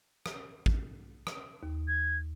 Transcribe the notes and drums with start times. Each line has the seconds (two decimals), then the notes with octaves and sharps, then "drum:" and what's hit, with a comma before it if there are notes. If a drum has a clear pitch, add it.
0.26 drum: rim click
0.66 drum: kick
1.27 drum: rim click
1.63 D#2
1.87 G#6